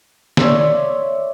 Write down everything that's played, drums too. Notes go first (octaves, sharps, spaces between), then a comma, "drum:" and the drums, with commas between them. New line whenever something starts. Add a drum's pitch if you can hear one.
C#5 D5 E5 C6, drum: snare